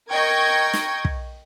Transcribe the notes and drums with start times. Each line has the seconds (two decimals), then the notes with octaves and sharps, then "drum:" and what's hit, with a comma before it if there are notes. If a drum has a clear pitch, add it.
0.11 A#4 D#5 G5 C#6 G#6
0.73 drum: snare
1.05 drum: kick